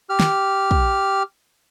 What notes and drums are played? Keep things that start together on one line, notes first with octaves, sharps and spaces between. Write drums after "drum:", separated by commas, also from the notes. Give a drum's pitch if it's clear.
G4 F6
drum: snare
drum: kick